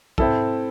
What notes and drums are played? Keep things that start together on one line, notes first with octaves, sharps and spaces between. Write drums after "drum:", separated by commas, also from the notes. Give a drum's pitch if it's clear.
C4 E4 A4, drum: kick